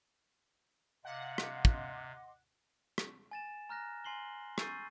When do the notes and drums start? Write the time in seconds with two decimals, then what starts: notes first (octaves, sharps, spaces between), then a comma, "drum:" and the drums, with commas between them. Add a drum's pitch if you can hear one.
1.05 C3 D#5 F5 F#5 C6 D6
1.38 drum: rim click
1.65 drum: kick
2.98 drum: rim click
3.31 G#5 A6 E7
3.69 A#5 F6 F#6 A#6
4.04 G#5 C6 C7 F#7 G7
4.58 C#6 E6 G6 A6 C7 D#7, drum: rim click